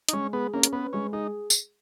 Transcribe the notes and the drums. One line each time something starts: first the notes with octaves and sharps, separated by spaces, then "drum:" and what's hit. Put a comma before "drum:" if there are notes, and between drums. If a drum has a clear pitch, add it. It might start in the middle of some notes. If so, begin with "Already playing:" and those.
D#4, drum: hi-hat
G#3 C#4
B3 G#4
A#3 C#4
drum: hi-hat
B3 B4
G#3 C#4
D#4 G#4
drum: tambourine